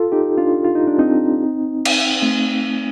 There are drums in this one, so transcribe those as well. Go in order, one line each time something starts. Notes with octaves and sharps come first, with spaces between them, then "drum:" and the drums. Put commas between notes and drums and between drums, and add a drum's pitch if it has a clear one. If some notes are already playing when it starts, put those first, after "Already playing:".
Already playing: F4 A4
D#4 G4
D4 F4
F4
D#4
D4
C4 D#4
drum: cymbal
A3 C4